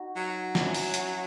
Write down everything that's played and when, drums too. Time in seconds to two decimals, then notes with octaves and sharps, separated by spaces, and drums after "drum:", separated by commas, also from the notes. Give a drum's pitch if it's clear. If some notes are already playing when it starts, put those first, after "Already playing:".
Already playing: D#4 F#4
0.16 F#3
0.55 C#4 E4, drum: snare
0.74 drum: open hi-hat
0.94 drum: hi-hat